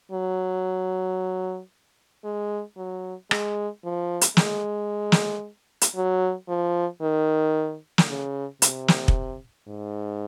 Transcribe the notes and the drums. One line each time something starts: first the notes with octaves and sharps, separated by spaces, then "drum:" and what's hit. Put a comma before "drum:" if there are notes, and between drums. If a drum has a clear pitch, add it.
F#3
G#3
F#3
G#3, drum: rim click
F3
drum: hi-hat
G#3, drum: snare
drum: snare
drum: hi-hat
F#3
F3
D#3
drum: snare
C#3
C3, drum: hi-hat
drum: snare
drum: kick
G#2